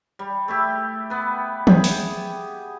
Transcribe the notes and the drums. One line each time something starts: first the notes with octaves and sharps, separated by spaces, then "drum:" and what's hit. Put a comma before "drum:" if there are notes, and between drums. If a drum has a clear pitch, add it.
G3
A3 E4 G4
B3 B4
G4 G#4, drum: tom
drum: open hi-hat